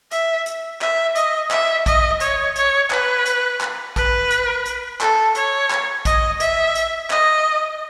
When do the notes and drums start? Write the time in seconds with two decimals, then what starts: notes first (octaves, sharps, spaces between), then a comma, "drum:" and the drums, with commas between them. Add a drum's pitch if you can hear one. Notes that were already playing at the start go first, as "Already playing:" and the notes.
0.11 E5, drum: hi-hat
0.46 drum: hi-hat
0.81 E5, drum: clap
1.16 D#5, drum: hi-hat
1.51 E5, drum: clap
1.86 D#5, drum: kick A#1, hi-hat
2.20 C#5, drum: hi-hat
2.56 C#5, drum: hi-hat
2.90 B4, drum: clap
3.26 drum: hi-hat
3.61 drum: clap
3.96 B4, drum: kick A#1, hi-hat
4.31 drum: hi-hat
4.66 drum: hi-hat
5.01 A4, drum: clap
5.35 C#5, drum: hi-hat
5.70 drum: clap
6.05 D#5, drum: kick A#1, hi-hat
6.40 E5, drum: hi-hat
6.75 drum: hi-hat
7.10 D#5, drum: clap